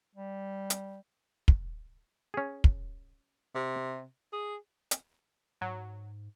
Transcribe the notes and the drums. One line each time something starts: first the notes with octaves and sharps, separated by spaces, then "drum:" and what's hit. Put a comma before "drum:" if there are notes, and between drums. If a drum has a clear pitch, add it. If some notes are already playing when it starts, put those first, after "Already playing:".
G3
drum: hi-hat
drum: kick
C#4 G#4
drum: kick
C3
G#4
drum: hi-hat
G#2 F#3